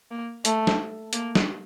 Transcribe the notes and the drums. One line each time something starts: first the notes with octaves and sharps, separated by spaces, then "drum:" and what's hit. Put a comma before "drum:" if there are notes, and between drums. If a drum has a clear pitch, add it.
A#3
A3, drum: hi-hat
drum: snare
A#3, drum: hi-hat
drum: snare